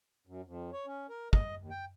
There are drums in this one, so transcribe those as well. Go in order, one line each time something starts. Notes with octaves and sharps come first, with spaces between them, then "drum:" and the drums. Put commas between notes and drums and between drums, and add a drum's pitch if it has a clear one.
F#2
F2
C#5
C#4
A#4
D#5, drum: kick
D#2
G5